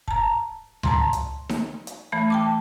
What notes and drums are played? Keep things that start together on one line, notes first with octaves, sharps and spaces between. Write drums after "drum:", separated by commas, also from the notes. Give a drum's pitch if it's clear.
A5 A#5, drum: kick
A5 A#5 C6, drum: tom C#2
drum: hi-hat
drum: snare D#4
drum: hi-hat
E3 A3 B5
G5 A5 D6